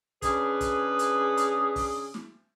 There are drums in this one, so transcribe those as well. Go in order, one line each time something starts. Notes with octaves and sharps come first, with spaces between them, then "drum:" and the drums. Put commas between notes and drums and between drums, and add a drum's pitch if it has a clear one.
C#3 D4 G#4 B4, drum: kick, hi-hat
drum: kick, hi-hat
drum: hi-hat
drum: hi-hat
drum: kick, open hi-hat
drum: snare